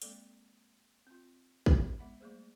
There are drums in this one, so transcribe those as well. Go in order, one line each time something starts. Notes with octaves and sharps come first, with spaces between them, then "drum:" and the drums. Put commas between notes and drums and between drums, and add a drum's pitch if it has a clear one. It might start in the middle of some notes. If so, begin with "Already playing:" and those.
G#3 A#3 C4 A4 D5, drum: hi-hat
C4 F4
drum: kick
G#3 B3 E5 F#5 B5
G3 A3 A#3 G#4 C5